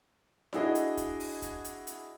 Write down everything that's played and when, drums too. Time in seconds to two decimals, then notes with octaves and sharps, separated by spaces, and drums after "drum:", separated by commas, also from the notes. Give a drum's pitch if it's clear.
0.53 D4 E4 F#4 G#4 D#5, drum: snare D#4
0.75 drum: hi-hat
0.97 drum: kick, hi-hat
1.20 drum: open hi-hat
1.42 drum: kick, hi-hat
1.64 drum: hi-hat
1.87 drum: hi-hat